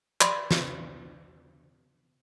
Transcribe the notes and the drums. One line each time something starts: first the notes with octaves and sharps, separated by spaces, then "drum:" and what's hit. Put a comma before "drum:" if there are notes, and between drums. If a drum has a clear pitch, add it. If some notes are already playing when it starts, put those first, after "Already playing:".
D5 B5 C6, drum: clap
drum: snare